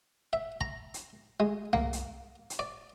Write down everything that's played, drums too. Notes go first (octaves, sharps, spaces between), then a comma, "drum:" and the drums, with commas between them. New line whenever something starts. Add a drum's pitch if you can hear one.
E5
A#5, drum: kick
drum: hi-hat
G#3
A#3, drum: tom C2
drum: hi-hat
drum: hi-hat
D5